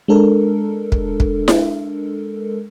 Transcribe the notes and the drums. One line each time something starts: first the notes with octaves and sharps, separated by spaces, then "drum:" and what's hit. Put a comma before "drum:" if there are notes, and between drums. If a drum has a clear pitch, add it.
G#3 D4 A4 A#4
drum: kick
drum: kick
drum: snare E4